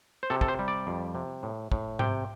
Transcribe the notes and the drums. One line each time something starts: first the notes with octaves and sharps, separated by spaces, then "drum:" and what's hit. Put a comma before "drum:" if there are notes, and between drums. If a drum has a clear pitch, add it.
C5
C3 A4
A4, drum: kick
C5
G3
D5
F2
C3
A2
A2, drum: kick
C3 G5, drum: tom G#2